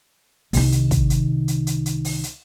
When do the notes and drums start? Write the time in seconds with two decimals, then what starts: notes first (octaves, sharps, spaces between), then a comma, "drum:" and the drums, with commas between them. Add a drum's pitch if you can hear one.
0.53 C2 D#3, drum: open hi-hat
0.72 drum: hi-hat
0.91 drum: kick, hi-hat
1.10 drum: hi-hat
1.48 drum: hi-hat
1.67 drum: hi-hat
1.86 drum: hi-hat
2.05 drum: open hi-hat
2.23 drum: hi-hat